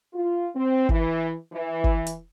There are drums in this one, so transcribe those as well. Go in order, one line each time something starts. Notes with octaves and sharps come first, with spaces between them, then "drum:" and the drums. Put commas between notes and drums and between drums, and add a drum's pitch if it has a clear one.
F4
C4
E3, drum: kick G1
E3
drum: kick G1
drum: hi-hat